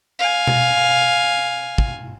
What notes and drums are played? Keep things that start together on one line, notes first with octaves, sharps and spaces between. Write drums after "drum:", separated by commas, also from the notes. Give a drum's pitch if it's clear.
F5 G#5
drum: tom B2
drum: kick